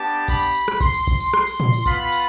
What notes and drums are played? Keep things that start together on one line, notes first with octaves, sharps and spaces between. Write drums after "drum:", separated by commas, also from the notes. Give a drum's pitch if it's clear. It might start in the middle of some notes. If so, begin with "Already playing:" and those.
Already playing: B3 D4 G4 A5
B5, drum: kick A#1, tambourine
drum: tambourine
drum: tambourine
drum: rim click
C6, drum: kick A#1, tambourine
drum: tambourine
drum: kick A#1, tambourine
drum: tambourine
C6, drum: rim click
drum: tambourine
drum: tom A2
drum: tambourine
B3 F4 B5, drum: kick A#1, tambourine
drum: tambourine